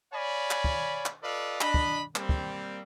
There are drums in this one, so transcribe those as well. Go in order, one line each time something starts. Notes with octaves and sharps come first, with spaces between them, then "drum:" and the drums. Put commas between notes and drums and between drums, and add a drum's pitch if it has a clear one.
C#5 D5 F5 G#5 B5
drum: clap
drum: kick
drum: clap
F4 A4 B4 D5 D#5 F5
D4 D#5 B5, drum: clap
drum: kick
G3 A#3 C4, drum: clap
drum: kick